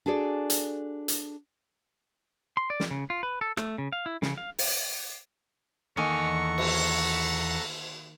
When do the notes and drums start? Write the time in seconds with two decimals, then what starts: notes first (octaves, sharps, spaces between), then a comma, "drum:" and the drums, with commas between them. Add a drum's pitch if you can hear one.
0.06 D4 F#4 G#4 A4 D5
0.50 drum: hi-hat
1.08 drum: hi-hat
2.57 C6
2.70 D5
2.80 drum: snare
2.91 C#3
3.10 F4
3.23 B4
3.41 A4
3.57 A3, drum: rim click
3.78 C#3
3.93 F5
4.06 E4
4.22 C#3, drum: snare
4.38 F5
4.59 drum: open hi-hat
5.97 E2 D#3 A#3 A4 F#5 G#5 A#5 C#6
6.58 drum: cymbal